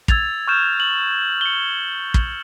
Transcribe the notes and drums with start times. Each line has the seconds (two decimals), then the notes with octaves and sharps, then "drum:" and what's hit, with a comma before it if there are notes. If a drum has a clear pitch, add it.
0.08 E6 G#6 A6 F7, drum: kick
0.47 C#6 F6 G6 E7
0.80 F#7
1.41 C#7 G7
2.14 drum: kick